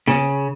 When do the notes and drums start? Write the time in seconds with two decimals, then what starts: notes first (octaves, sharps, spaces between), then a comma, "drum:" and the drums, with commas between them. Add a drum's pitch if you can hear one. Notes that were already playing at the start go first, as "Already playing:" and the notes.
0.08 C#3, drum: snare